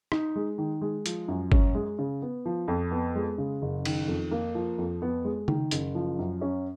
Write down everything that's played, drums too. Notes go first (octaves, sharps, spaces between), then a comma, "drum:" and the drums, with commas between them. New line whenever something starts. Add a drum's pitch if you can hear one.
D#4, drum: rim click
G#3
D#3
G#3
F3, drum: hi-hat
F#2
C#4, drum: kick G1
G#3
C#3
B3
F3
F2
B3
G#3
C#3
F#1
D#3, drum: cymbal
F2
A#3
F3
F2
B3
G#3
D#3, drum: tom C#3
F#1, drum: hi-hat
F3
F#2
C#4